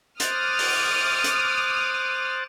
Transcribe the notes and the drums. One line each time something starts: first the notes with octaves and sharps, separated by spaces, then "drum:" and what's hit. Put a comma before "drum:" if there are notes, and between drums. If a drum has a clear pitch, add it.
C5 D6 D#6 F6 F#6 A6, drum: hi-hat
drum: open hi-hat
drum: hi-hat